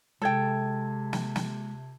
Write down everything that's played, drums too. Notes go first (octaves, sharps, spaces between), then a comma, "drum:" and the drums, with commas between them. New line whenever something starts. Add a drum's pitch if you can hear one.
C3 G#3 A4 G5 A5 G#6
drum: snare
drum: snare